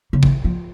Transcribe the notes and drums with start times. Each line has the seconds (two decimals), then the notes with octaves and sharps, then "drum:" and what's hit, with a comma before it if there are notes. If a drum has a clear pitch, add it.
0.13 C#3
0.23 E3, drum: kick
0.44 F3